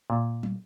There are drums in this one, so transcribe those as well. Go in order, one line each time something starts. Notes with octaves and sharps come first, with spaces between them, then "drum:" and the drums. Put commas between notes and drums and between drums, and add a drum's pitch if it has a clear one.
A#2
drum: tom